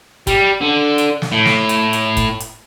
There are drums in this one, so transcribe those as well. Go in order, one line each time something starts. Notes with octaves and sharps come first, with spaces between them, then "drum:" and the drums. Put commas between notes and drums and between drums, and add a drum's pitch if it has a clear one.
G3, drum: kick, hi-hat
D3
drum: hi-hat
drum: snare
A2
drum: snare
drum: hi-hat
drum: hi-hat
drum: kick, hi-hat
drum: hi-hat